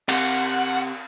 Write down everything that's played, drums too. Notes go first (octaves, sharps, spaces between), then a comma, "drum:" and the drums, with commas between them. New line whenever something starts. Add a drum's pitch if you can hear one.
C3 F#5, drum: cymbal